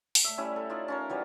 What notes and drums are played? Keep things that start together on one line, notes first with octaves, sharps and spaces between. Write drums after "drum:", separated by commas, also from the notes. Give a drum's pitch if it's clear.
drum: open hi-hat
A3 E5
G3 A3 C#4 E4
A4
D#4 F4 D5
C#4 F4 A#4
E3 F#3 G3